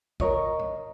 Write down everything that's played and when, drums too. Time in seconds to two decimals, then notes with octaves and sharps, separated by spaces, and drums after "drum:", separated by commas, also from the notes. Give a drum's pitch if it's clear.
0.20 A#4 C#5 D#5, drum: kick A#1
0.59 drum: tom G#2